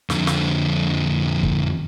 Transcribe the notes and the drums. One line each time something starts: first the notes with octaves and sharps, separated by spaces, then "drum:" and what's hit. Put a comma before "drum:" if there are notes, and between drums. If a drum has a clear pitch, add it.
F2 D3, drum: snare
drum: snare
drum: kick